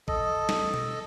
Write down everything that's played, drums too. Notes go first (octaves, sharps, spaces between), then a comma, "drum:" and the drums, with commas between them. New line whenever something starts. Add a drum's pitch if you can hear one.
A4 D#5, drum: kick A1
drum: snare
drum: tom B2